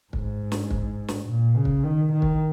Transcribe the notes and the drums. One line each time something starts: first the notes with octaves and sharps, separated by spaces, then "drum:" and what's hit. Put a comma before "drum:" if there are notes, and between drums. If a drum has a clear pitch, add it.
G#2, drum: kick
drum: snare
drum: kick
drum: snare
A#2
C#3
drum: kick
D#3
D#3
drum: kick